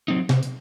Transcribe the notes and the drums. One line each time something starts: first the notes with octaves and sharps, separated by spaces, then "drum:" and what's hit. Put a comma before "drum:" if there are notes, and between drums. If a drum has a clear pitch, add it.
F#3 C4 D#4
C3, drum: snare
drum: hi-hat